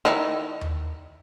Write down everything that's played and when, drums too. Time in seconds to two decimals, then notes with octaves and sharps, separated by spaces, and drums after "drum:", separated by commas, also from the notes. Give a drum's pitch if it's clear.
0.05 D#3 D#4 E4
0.61 drum: tom D#2